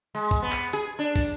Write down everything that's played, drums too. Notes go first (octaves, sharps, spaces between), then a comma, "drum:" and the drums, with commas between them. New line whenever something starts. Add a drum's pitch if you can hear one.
G#3
drum: kick, hi-hat
B3
drum: clap
G#4, drum: hi-hat
D4
drum: kick, open hi-hat